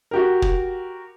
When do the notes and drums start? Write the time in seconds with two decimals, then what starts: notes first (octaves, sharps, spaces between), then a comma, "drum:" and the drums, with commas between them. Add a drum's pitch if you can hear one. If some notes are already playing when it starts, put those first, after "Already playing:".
0.11 F#4 G4 A#4
0.42 drum: kick